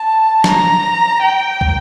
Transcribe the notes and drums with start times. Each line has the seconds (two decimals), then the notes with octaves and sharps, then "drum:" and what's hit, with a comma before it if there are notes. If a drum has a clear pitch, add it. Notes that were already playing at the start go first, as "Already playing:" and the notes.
Already playing: A5
0.44 A#5, drum: snare
1.22 G5
1.61 drum: kick